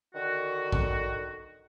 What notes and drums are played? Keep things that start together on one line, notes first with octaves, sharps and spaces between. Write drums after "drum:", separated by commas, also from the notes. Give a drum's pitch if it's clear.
D3 D#3 F#4
drum: kick A#1